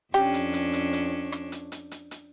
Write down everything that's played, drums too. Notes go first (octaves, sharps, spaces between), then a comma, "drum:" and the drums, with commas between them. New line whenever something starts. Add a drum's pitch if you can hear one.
F2 C#4 D4 G4, drum: rim click
drum: hi-hat
drum: hi-hat
drum: hi-hat
drum: hi-hat
drum: rim click
drum: hi-hat
drum: hi-hat
drum: hi-hat
drum: hi-hat